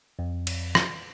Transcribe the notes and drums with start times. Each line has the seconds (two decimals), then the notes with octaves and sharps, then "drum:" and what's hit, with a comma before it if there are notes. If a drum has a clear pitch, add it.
0.19 F2
0.47 drum: cymbal
0.75 drum: rim click